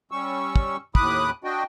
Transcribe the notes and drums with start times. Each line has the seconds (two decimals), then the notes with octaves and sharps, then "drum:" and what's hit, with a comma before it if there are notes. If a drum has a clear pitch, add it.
0.11 G3 C#4 C#6 E6
0.56 drum: kick
0.95 D#2 A2 B5 D6 D#6 F#6, drum: kick
1.44 D4 F#4 D#5 G5